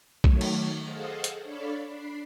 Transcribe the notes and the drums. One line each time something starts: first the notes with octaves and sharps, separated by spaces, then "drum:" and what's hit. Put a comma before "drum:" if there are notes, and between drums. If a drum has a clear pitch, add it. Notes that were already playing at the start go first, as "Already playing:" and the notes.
D#3 F#3 A3 C#5, drum: kick
drum: cymbal
G#4 A4 C5 D#5 F5 F#5
drum: hi-hat
D4 A4 C#5 D5 F5 B5
D4 B5 C7